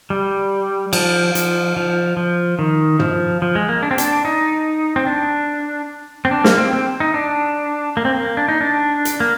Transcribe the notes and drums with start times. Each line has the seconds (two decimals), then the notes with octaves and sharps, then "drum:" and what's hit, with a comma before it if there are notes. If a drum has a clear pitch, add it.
0.10 G3
0.93 F3, drum: cymbal
1.35 F3, drum: hi-hat
1.77 F3
2.17 F3
2.59 D#3
2.99 F3, drum: tom
3.42 F3
3.55 G#3
3.69 A#3
3.83 D4
3.91 C4
3.98 D4, drum: hi-hat
4.25 D#4
4.96 C4
5.07 D4
6.25 C4
6.31 D4
6.44 A#3, drum: snare
6.58 C4
6.73 C4
7.00 D#4
7.14 D4
7.97 A#3
8.05 C4
8.14 A#3
8.37 D4
8.48 D#4
8.61 D4
9.05 drum: hi-hat
9.20 A#3